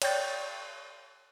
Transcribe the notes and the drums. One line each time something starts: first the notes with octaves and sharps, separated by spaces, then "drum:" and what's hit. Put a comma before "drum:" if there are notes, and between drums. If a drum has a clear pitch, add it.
C#5 D5 G5 C#6 G6 A6, drum: cymbal